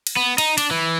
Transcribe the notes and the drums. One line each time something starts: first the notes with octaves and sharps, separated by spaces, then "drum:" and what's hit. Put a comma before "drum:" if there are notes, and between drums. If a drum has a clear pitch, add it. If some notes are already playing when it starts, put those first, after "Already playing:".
drum: cymbal
B3
D#4, drum: cymbal
D4, drum: cymbal
E3